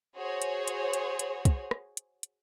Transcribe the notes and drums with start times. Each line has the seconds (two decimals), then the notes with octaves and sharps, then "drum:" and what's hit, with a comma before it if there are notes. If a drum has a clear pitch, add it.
0.16 F#4 G#4 C5 C#5
0.42 drum: hi-hat
0.68 drum: hi-hat
0.93 drum: hi-hat
1.19 drum: hi-hat
1.45 drum: kick, hi-hat
1.71 drum: rim click
1.97 drum: hi-hat
2.23 drum: hi-hat